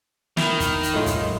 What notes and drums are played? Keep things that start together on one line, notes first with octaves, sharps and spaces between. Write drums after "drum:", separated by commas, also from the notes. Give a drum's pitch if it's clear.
D#3 E4, drum: snare
drum: kick, hi-hat
drum: hi-hat
F#2 A2 G#3 F4
drum: kick, hi-hat